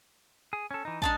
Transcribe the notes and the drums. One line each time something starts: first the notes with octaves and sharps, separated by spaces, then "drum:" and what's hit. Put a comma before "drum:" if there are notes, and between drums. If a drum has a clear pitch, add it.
G#4
C#4 A4
E3 D#4
G#3 D4 D#4 A5, drum: kick